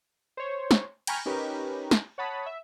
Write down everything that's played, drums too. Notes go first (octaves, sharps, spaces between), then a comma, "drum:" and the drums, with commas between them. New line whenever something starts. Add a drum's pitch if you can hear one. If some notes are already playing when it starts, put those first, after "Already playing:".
C5 C#5
drum: snare
G5 G#5 A#5 B5 C#6 F6, drum: cymbal
C#4 D#4 G4 A#4 B4
drum: snare
C#5 F#5 A5 B5 D#6
E5